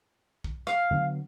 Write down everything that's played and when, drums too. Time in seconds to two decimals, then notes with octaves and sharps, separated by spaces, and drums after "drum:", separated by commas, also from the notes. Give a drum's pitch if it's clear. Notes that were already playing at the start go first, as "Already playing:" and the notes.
0.44 drum: kick B1
0.67 F5, drum: rim click
0.91 D3 F#3 B3